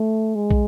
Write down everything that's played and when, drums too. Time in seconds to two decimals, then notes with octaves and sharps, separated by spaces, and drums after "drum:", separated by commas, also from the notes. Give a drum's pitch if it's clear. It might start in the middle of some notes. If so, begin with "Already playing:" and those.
Already playing: A3
0.35 G#3
0.51 drum: kick